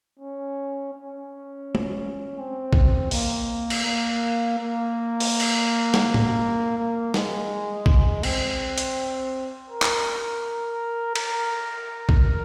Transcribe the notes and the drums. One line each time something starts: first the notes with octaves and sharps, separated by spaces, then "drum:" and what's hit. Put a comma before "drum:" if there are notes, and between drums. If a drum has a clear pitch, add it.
C#4
C#4
drum: tom
C4
drum: kick A#1
A#3, drum: open hi-hat
drum: cymbal
A#3
A#3
drum: open hi-hat
drum: cymbal
drum: snare
drum: tom
A#3
G#3, drum: snare
drum: kick A#1
C4, drum: cymbal
drum: hi-hat
A#4
drum: clap
A#4, drum: cymbal
drum: kick A#1